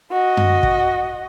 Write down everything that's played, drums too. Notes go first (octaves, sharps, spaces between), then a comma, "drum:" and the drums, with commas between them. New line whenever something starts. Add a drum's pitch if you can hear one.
F#4 D#5
drum: tom F#2
drum: kick